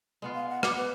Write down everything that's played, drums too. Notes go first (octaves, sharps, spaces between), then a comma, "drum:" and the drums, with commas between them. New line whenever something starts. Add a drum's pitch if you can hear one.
G#3 B3 F4
F5
F#5
B3 D#5 F#5 D6, drum: rim click
B4